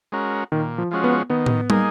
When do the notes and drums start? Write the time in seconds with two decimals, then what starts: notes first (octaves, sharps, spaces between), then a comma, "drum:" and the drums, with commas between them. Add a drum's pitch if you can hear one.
0.12 G#3 C#4 F#4 A#4
0.52 A#2 D#3
0.78 F3
0.91 F3 G#3 C#4 F#4
1.04 B3
1.30 D#3 B3
1.46 drum: tom A2
1.70 A#3 D#4 G#4, drum: tom